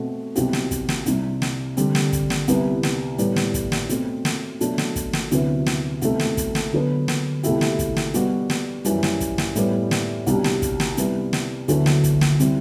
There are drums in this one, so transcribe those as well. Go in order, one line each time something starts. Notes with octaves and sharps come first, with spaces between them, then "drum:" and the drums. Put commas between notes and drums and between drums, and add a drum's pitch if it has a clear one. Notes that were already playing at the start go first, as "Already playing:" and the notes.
Already playing: B2 A3 C4 F#4
C2 B2 F#3 C4 G4, drum: hi-hat
drum: snare
drum: kick, hi-hat
drum: snare
C2 C3 G3, drum: hi-hat
drum: snare
D3 G3 C4, drum: hi-hat
drum: snare
drum: kick, hi-hat
drum: snare
C2 C3 G3 B3 E4, drum: hi-hat
drum: snare
A2 G3 B3, drum: hi-hat
drum: snare
drum: kick, hi-hat
drum: snare
B2 A3 C4, drum: hi-hat
drum: snare
B2 F#3 A3 D4, drum: hi-hat
drum: snare
drum: kick, hi-hat
drum: snare
D2 C3 F#3 B3 E4, drum: hi-hat
drum: snare
C2 B2 A3 C4, drum: hi-hat
drum: snare
drum: kick, hi-hat
drum: snare
D3 F#3 B3
drum: snare
C2 B2 A3 E4 G4, drum: hi-hat
drum: snare
drum: kick, hi-hat
drum: snare
B2 G3 B3 F#4, drum: hi-hat
drum: snare
F#2 E3 G3, drum: hi-hat
drum: snare
drum: kick, hi-hat
drum: snare
A2 G3 B3, drum: hi-hat
drum: snare
C2 B2 G3 D4 G4, drum: hi-hat
drum: snare
drum: kick, hi-hat
drum: snare
C3 G3 B3 E4, drum: hi-hat
drum: snare
D2 D3 F#3 B3 E4, drum: hi-hat
drum: snare
drum: kick, hi-hat
drum: snare
C3 G3 C4 E4, drum: hi-hat